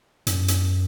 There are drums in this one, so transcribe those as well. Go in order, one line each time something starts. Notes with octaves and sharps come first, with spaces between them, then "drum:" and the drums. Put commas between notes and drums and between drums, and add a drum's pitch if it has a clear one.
F#2, drum: hi-hat
drum: hi-hat